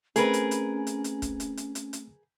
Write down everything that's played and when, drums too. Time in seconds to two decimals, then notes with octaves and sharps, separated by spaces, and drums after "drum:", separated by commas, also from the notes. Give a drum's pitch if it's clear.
0.16 A3 C4 C#4 G#4 A#4 B4, drum: hi-hat
0.33 drum: hi-hat
0.51 drum: hi-hat
0.87 drum: hi-hat
1.04 drum: hi-hat
1.22 drum: kick, hi-hat
1.40 drum: hi-hat
1.57 drum: hi-hat
1.75 drum: hi-hat
1.93 drum: hi-hat